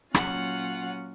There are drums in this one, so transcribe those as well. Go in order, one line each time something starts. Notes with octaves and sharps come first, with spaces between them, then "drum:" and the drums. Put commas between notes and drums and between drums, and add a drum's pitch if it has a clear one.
A#2 F#3 C#4 F4 F#5, drum: rim click